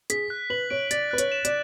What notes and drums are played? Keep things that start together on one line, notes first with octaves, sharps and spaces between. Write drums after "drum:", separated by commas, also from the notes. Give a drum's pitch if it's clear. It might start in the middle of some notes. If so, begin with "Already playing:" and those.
G#4 B6, drum: hi-hat
F#6
B4 F#7
C#5 D7
D5 A6, drum: hi-hat
B4 F#6
C#5, drum: hi-hat
E7
D5, drum: hi-hat